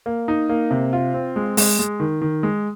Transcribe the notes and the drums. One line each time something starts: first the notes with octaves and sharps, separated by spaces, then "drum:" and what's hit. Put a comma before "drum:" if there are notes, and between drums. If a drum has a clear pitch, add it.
A#3
D#4
A#3
C3
F4
C4
G#3
G#3, drum: open hi-hat
G#3
D#3
D#3
G#3